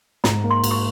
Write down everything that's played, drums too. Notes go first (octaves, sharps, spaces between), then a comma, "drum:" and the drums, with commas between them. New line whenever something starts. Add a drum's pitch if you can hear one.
G#2 A#5, drum: snare
A#3
C6
G#2, drum: cymbal
C#6